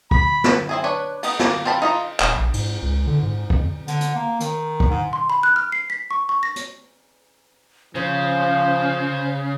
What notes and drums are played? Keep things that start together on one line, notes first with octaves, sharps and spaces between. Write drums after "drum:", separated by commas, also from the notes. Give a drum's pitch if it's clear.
B5, drum: kick
drum: snare
C4 E4 G#4
D4 B4 C#5
B3 D#4, drum: cymbal
A#3, drum: snare
C4 F5 A5 B5
D#4 F4 E5 A#5
D#1, drum: clap
A#1
G#2, drum: cymbal
C#2
D3
G#2
F2, drum: kick
D3, drum: hi-hat
drum: hi-hat
A#3
D#3, drum: hi-hat
drum: kick
G#2
C6
B5
F#6
F6
C7
B6
C#6
C#6
A#6
drum: hi-hat
C#3 F3 C5